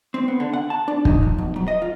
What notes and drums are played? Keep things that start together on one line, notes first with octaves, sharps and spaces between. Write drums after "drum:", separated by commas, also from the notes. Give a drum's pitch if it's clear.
C4
B3
D3
F#5
A5
D4
D#4, drum: kick
F3
B1
F#3
D#5
F4